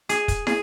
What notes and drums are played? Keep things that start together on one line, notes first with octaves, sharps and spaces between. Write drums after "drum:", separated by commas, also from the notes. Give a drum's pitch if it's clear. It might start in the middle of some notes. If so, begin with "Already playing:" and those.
G#4, drum: hi-hat
drum: kick, hi-hat
G#4, drum: snare